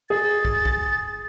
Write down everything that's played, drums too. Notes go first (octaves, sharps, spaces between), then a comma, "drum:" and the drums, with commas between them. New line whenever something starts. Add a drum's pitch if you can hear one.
G#4 A6
drum: kick
drum: kick